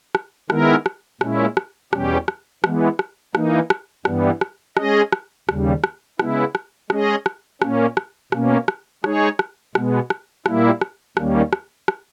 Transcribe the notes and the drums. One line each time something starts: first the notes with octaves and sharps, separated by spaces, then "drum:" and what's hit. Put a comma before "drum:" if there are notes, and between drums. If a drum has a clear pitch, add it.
drum: rim click
D#3 G#3 B3 E4 A#4, drum: rim click
drum: rim click
A#2 G#3 C#4 E4, drum: rim click
drum: rim click
E2 B2 G3 C#4 G4, drum: rim click
drum: rim click
E3 G#3 B3, drum: rim click
drum: rim click
E3 A#3 D#4, drum: rim click
drum: rim click
G2 E3 G3 B3, drum: rim click
drum: rim click
G#3 C#4 G#4 D#5, drum: rim click
drum: rim click
D#2 C#3 G3, drum: rim click
drum: rim click
C#3 G#3 B3 E4, drum: rim click
drum: rim click
G#3 C#4 G#4 D#5, drum: rim click
drum: rim click
A#2 A#3 C#4, drum: rim click
drum: rim click
B2 A#3 C#4, drum: rim click
drum: rim click
G#3 D#4 G#4 C#5, drum: rim click
drum: rim click
B2 G#3 B3, drum: rim click
drum: rim click
A#2 G3 A#3 E4, drum: rim click
drum: rim click
D#2 D#3 G3 A#3 C#4, drum: rim click
drum: rim click
drum: rim click